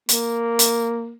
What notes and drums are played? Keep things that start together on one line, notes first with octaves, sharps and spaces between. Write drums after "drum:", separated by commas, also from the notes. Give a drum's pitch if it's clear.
A#3, drum: hi-hat
drum: hi-hat